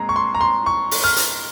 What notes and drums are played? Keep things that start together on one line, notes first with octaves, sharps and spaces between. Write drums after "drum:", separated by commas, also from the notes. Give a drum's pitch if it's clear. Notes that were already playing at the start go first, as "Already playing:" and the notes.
Already playing: A#2 G#3 C4 A#5
C#6
C6
A#5
C6
C#6
drum: open hi-hat
F6
drum: hi-hat